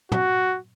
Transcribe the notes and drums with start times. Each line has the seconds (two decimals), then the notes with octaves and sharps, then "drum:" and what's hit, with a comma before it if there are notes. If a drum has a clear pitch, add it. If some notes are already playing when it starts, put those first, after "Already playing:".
0.12 F#4, drum: tom